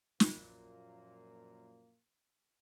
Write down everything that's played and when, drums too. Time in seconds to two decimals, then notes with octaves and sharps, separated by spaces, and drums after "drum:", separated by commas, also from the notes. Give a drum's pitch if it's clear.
0.20 F#2 A#2 F3 A#3, drum: snare